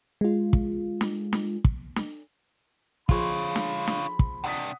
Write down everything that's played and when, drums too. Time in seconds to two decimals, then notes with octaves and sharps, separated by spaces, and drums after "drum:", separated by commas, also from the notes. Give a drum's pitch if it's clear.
0.21 G#3 F4
0.53 drum: kick
1.01 drum: snare
1.33 drum: snare
1.64 drum: kick
1.96 drum: snare
3.09 F3 F4 G#4 C#5 B5 C6, drum: kick
3.56 drum: snare
3.87 drum: snare
4.19 drum: kick
4.44 C3 D4 F#5 D#6 B6